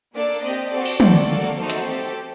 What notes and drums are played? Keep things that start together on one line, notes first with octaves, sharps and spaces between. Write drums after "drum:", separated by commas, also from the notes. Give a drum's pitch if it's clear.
A#3 D4 A4 D5
C4 G4 D#5
C4 F#4 A4 D5
drum: cymbal
C4 F#4 A4, drum: tom
A#3 F#4 A4
A3 D#4 F#4 A4 C5
drum: hi-hat
C4 G4 A4